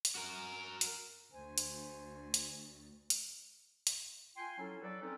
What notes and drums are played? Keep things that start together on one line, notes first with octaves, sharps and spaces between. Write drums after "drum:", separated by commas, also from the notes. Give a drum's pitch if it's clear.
drum: hi-hat
F#4 A#4
drum: hi-hat
D2 C5 G#5
drum: hi-hat
drum: hi-hat
drum: hi-hat
drum: hi-hat
F4 G5 G#5 C6
F#3 C#4 E4 A4
F#3 A4 B4 D5
C4 C#4 D#4 A4